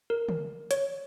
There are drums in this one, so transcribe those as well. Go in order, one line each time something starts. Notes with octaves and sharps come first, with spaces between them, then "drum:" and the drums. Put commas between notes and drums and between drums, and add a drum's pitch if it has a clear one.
A#4
drum: tom
C#5, drum: hi-hat